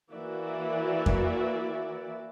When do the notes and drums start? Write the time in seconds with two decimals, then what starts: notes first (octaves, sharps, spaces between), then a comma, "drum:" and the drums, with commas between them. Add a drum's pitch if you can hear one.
0.12 E3 A#3 F#4 D5 E5
1.06 drum: kick F2